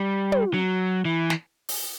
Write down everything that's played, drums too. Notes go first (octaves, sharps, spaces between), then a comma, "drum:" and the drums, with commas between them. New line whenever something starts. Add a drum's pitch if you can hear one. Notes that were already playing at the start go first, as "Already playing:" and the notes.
Already playing: G3
drum: tom
F#3
E3
drum: snare
drum: open hi-hat